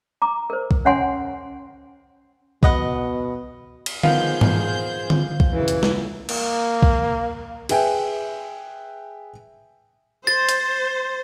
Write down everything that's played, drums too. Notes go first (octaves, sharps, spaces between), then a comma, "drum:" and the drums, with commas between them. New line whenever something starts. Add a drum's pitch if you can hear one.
A#5 D6
A#4 C5
drum: kick B1
C#4 C#5 F#5 G#5 C6
B2 B4 D#5 F#5, drum: kick B1
drum: cymbal
D#3 F3 B3 G#4 C5 F5 G6, drum: tom D3
drum: tom G#2
drum: tom D3
drum: kick B1
F#2 A#2 C#3 E3
drum: hi-hat
drum: snare
A#3, drum: cymbal
drum: kick B1
G#4 B4 E5 G5 G#5, drum: cymbal
C5 A6
drum: hi-hat